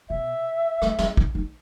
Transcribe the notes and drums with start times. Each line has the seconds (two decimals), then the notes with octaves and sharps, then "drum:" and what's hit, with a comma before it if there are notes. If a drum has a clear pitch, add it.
0.09 B2 E5
0.82 A3, drum: rim click
0.99 C4, drum: snare
1.17 D#4, drum: kick A1
1.35 D#4